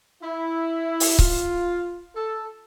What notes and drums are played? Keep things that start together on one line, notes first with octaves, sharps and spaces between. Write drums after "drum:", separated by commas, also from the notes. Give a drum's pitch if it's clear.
E4
drum: open hi-hat
F4, drum: kick C#1
A4